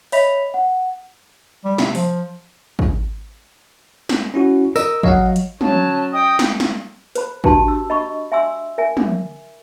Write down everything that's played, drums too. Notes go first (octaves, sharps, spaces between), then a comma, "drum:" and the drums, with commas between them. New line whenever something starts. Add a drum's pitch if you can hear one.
C#5 D#5 E5 B5 B6 F7, drum: open hi-hat
F#5
G3
C3, drum: snare
F3, drum: open hi-hat
drum: kick
drum: snare
C#4 E4 F#4
A#4 D#5 E6, drum: tambourine
F#3 D#5 F5 F#5, drum: kick
drum: hi-hat
F#3 C#4 A5, drum: tom
D#5 G5 D#6
drum: snare
drum: snare
B4 C5 B5, drum: hi-hat
D4 F#4 G4 B4 A5 C6, drum: kick
E6
D#5 B5 C#6
E5 G#5 C6 E6
A#4 E5 G#5
drum: tom